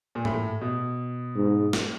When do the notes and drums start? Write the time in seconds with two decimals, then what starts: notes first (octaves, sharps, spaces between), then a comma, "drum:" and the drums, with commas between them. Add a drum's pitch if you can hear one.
0.15 A#2
0.25 A2, drum: tom G#2
0.61 B2
1.36 G#2
1.73 drum: snare